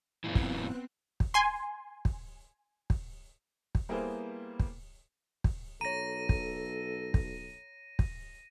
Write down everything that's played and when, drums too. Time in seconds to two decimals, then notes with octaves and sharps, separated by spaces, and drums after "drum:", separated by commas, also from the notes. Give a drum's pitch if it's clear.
0.24 F#2 A#2 E3 B3 C4 F#6
0.35 drum: kick
1.20 drum: kick
1.34 G#5 C6
2.05 drum: kick
2.90 drum: kick
3.75 drum: kick
3.89 G3 A#3 B3 E4 G#4 C5
4.60 drum: kick
5.44 drum: kick
5.81 B1 A4 C#5 A#5 A#6 D#7
6.29 drum: kick
7.14 drum: kick
7.99 drum: kick